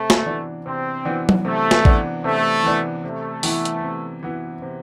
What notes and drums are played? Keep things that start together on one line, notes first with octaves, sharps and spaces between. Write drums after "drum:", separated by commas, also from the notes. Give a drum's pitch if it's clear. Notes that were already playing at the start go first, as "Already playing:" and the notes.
Already playing: C3 A3
drum: snare
E3 B3 D4
C3 C4
E3 B3 D4
drum: tom F#3
C3 A3
drum: snare
E3 B3 D4, drum: kick A1
C3 A3
E3 B3 D4
C3 A3
E3 B3 E4, drum: open hi-hat
drum: hi-hat
C3
E3 B3 E4
C3